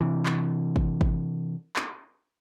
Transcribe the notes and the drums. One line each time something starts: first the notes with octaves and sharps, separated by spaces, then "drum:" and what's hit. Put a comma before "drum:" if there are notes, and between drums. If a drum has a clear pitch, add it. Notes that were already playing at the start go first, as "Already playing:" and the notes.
C3 E3
drum: clap
drum: kick G#1
drum: kick G#1
drum: clap